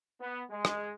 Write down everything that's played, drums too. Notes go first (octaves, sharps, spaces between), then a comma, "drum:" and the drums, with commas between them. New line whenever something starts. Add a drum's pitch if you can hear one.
B3
G#3
drum: rim click